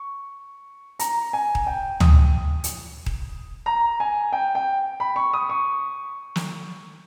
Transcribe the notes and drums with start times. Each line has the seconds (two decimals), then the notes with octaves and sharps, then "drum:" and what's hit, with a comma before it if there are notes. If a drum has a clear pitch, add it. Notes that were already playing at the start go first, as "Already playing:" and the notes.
Already playing: C#6
0.99 A#5, drum: hi-hat
1.33 G#5
1.55 drum: kick D#1
1.67 G5
2.00 D#6, drum: tom
2.64 drum: hi-hat
3.06 drum: kick D#1
3.66 A#5
4.00 G#5
4.33 G5
4.55 G5
5.00 B5
5.16 C#6
5.34 D#6
5.50 C#6
6.36 drum: snare